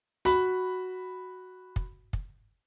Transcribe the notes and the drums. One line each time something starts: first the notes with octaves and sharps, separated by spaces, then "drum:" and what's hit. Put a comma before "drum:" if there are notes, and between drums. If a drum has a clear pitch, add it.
F#4 B5, drum: hi-hat
drum: kick
drum: kick